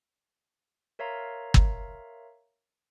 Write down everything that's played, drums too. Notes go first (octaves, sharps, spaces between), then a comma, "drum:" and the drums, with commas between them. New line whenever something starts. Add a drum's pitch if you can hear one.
A#4 C#5 E5 F5 A#5 C6
drum: kick G1